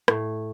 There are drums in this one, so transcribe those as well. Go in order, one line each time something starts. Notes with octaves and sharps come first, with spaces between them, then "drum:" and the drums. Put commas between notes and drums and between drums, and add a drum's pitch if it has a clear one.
A2, drum: rim click